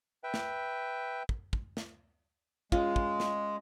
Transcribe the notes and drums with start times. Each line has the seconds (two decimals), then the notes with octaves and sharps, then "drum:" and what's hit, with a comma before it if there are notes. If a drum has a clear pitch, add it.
0.24 B4 E5 G5
0.34 drum: snare
1.29 drum: kick
1.53 drum: kick
1.77 drum: snare
2.72 G#3 C#4 F4, drum: kick
2.96 drum: kick
3.20 drum: snare